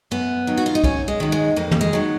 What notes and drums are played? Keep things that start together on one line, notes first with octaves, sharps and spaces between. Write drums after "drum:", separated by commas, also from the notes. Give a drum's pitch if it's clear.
F#2 B3
D#3 F#3
F#4
F4
D#4
F#2 C#4, drum: kick
G#3
D#3 F#3
G#3
F2 A#3
drum: tom
G#3
D#3 F#3